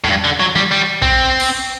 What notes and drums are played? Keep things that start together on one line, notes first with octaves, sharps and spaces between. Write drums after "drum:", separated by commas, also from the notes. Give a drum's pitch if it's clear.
A2, drum: tom E2
G2
D3
F#3
G3, drum: tom D#3
G3
C4, drum: kick
drum: cymbal